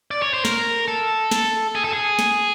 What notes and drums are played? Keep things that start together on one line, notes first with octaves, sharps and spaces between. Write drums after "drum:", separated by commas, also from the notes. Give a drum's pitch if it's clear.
D5
C#5
C5
A#4, drum: snare
A4
drum: snare
G#4
A4
G#4
drum: snare